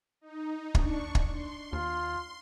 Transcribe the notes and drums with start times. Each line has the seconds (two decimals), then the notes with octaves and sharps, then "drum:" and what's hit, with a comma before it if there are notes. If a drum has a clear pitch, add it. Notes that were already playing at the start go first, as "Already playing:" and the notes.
0.21 D#4
0.75 D#2 D4 C#6, drum: kick
1.15 drum: kick
1.30 C6
1.73 D#2 F4